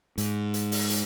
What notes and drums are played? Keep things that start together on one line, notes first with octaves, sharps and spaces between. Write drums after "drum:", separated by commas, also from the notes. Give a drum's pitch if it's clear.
G#2, drum: hi-hat
drum: hi-hat
drum: open hi-hat
drum: hi-hat